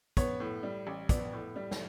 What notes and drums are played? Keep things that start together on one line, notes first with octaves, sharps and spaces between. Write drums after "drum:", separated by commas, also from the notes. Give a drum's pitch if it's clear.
B3 C#5, drum: kick, hi-hat
A2
G3
A1
B3 D5, drum: kick, hi-hat
A2
G3
drum: snare